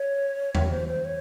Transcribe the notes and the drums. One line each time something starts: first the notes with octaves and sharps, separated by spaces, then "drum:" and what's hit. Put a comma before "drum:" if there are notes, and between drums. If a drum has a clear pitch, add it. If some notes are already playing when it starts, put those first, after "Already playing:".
Already playing: C#5
C#5, drum: tom E2
C5
C5
C#5